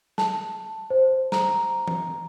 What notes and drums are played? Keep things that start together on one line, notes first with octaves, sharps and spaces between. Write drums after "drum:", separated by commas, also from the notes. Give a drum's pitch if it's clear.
A5, drum: snare
C5
A#5, drum: snare
drum: tom E3